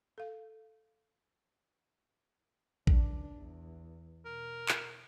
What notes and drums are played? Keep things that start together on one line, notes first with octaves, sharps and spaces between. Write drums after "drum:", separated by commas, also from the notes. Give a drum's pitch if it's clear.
A4 F5
C#2 D4, drum: kick
E2
B2 A#4
drum: clap